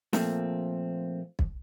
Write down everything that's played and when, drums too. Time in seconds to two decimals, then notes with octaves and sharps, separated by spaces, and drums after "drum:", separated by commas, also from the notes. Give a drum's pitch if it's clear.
0.13 A#2 F3 A3 A#3 C4, drum: snare
1.39 drum: kick